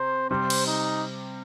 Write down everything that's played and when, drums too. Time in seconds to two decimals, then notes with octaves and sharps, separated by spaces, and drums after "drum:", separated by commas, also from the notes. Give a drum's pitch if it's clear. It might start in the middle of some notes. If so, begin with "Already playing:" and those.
Already playing: C3 C5
0.30 C3 G3 C4 C5
0.50 drum: cymbal
0.66 D#4